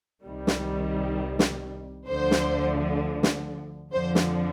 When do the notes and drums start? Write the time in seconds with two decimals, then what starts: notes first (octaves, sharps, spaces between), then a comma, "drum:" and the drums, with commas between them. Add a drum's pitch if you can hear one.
0.24 C2 C3 D#3 G3
0.47 drum: snare
1.39 drum: snare
2.08 D2 D3 F3 C5
2.31 drum: snare
3.23 drum: snare
3.92 F2 D3 F3 C5
4.15 drum: snare